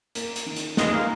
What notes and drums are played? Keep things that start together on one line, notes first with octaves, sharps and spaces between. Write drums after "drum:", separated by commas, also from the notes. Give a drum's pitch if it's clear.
A#3, drum: hi-hat
drum: hi-hat
D#3
drum: hi-hat
D#3 G#3, drum: snare A#3
A#3